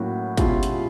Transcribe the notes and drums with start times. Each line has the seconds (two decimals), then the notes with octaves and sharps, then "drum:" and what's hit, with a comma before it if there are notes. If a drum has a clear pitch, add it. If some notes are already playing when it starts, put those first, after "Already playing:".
Already playing: A2 F#3 A#3 C#4 E4 F#4
0.37 B2 G#3 C#4 E4 F4 G4, drum: kick, hi-hat
0.63 drum: hi-hat